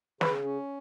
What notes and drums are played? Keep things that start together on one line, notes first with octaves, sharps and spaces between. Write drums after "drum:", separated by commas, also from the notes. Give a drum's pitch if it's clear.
C#3 B4, drum: snare
C#4